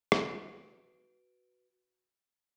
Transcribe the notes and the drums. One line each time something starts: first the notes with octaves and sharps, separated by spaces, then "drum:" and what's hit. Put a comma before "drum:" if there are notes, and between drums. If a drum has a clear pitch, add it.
F#4 B4 D7, drum: rim click